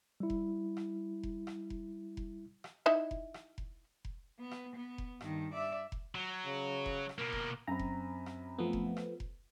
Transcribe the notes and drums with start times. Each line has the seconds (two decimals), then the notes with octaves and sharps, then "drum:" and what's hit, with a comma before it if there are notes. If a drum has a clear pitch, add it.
0.20 G3 E4
0.30 drum: kick F1
0.77 drum: rim click
1.23 drum: kick F1
1.47 drum: rim click
1.70 drum: kick F1
2.17 drum: kick F1
2.64 drum: rim click
2.86 D#4 E4 E5
3.11 drum: kick F1
3.34 drum: rim click
3.58 drum: kick F1
4.05 drum: kick F1
4.39 B3
4.51 drum: rim click
4.75 B3
4.98 drum: kick F1
5.21 G2 D#3, drum: rim click
5.53 D5 E5
5.92 drum: kick F1
6.15 F#3
6.46 C#3
6.86 drum: kick F1
7.09 drum: rim click
7.19 B2 A#3 A#4
7.33 drum: kick F1
7.67 F#2 C4 A#5 B5
7.79 drum: kick F1
8.26 drum: rim click
8.59 F3 A3 B3
8.73 drum: kick F1
8.97 drum: rim click
9.20 drum: kick F1